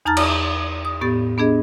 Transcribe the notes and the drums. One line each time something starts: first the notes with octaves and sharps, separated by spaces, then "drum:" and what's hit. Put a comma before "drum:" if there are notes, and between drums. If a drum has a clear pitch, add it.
E2 D#4 A5 A#5 F6 A6
drum: cymbal
D#6
A2 B3 G4 A6
B3 D4 G#4 D#5